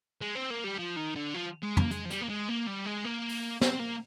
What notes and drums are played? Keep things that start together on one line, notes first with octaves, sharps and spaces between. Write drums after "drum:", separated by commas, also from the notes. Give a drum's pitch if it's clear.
G#3
C4
A#3
G3
F3
D#3
D3
F3
G#3
A#3, drum: tom
G#3, drum: hi-hat
F3
G3, drum: hi-hat
A#3
G#3
A#3
G3
G#3
A#3
drum: open hi-hat
C4, drum: snare
A#3